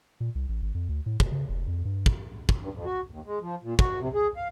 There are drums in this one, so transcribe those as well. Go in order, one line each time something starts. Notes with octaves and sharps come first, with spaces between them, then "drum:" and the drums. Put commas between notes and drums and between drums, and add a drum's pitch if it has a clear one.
A#2
C2
A1
G#1
F2
D2
A2
G1, drum: kick
C#3
F1
F2
G2
drum: kick
drum: kick
G2
F2
F#4
D#2
G#3
F3
A#2
F#4, drum: kick
C3
G#4
F5